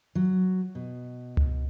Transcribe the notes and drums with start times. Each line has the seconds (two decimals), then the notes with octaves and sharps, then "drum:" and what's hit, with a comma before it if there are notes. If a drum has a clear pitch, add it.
0.15 F#3
0.75 B2
1.37 drum: tom C#2